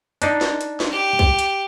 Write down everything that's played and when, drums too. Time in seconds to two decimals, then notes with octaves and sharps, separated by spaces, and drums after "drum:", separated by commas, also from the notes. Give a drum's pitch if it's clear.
0.22 D4 D#4, drum: hi-hat
0.41 drum: snare
0.61 drum: hi-hat
0.80 drum: snare
0.91 G4
1.19 drum: kick
1.39 drum: hi-hat